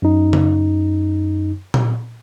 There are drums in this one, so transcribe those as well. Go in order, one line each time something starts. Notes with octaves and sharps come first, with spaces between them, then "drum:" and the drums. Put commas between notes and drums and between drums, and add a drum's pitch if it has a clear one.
F#2 D#4
drum: tom C#3
drum: tom A#2